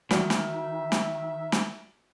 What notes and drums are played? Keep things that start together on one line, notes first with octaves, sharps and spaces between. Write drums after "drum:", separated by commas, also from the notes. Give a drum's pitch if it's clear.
D#3 E3 G3 F#4 E5 F#5 G5, drum: snare
drum: snare
drum: snare
drum: snare